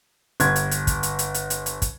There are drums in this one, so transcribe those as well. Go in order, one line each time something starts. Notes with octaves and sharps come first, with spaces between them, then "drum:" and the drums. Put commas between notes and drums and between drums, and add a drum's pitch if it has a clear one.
G1 G#6, drum: hi-hat
drum: hi-hat
drum: hi-hat
drum: kick, hi-hat
drum: hi-hat
drum: hi-hat
drum: hi-hat
drum: hi-hat
drum: hi-hat
drum: kick, hi-hat